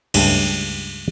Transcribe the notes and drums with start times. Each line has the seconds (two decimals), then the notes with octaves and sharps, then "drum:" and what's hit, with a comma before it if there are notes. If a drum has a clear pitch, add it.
0.14 C#2 G2 G#3 A3 A5, drum: cymbal